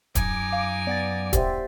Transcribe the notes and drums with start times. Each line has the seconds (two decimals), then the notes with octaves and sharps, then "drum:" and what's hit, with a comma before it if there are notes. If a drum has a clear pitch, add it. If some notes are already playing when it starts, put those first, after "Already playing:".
0.15 F#2 D#4 G#5 D6, drum: kick, hi-hat
0.52 F5
0.87 B3 D5 F#5 A6
1.33 G4 C5 E5, drum: kick, hi-hat